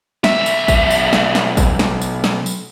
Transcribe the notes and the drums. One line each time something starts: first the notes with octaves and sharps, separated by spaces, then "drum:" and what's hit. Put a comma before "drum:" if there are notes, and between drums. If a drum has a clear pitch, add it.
B1 E5, drum: snare
drum: tambourine
drum: kick A1, tambourine
drum: tambourine
drum: snare
drum: snare
drum: kick A1, tambourine
drum: snare
drum: tambourine
drum: snare
drum: tambourine